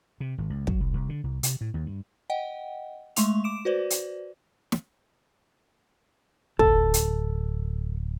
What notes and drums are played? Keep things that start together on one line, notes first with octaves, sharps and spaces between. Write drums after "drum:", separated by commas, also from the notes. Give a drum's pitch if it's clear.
C3
G#1
C#2
F#3, drum: kick
C2
C2
D3
C2
C3, drum: hi-hat
A2
D#2
G2
D#5 F#5 G5
G#3 A3 C6 C#6 F7, drum: hi-hat
D6 D7 E7
F#4 B4 C5 D5
drum: hi-hat
drum: snare
D1 A4, drum: kick
drum: hi-hat